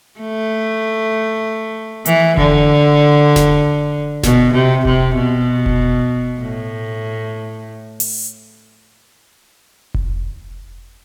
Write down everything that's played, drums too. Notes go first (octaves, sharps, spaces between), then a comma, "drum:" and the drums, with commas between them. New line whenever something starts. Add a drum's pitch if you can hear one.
A3
E3, drum: hi-hat
D3, drum: kick F1
drum: snare F1
B2, drum: snare F1
C3
C3, drum: kick F1
B2
drum: kick F1
A2
drum: open hi-hat
drum: kick F1